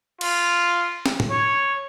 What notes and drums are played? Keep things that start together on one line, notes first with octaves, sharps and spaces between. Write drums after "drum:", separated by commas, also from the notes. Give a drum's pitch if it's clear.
F4, drum: cymbal
drum: snare C#4
drum: tom
C#5